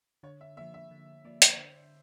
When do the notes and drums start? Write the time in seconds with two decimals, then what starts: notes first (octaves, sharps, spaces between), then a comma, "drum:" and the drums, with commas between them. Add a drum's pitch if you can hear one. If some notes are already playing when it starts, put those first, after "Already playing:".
0.23 D3 C#5
0.41 E5
0.57 F3 A#3 E5
0.74 E5
0.91 D3
1.25 F3 A#3 D5
1.42 C5, drum: hi-hat
1.58 D3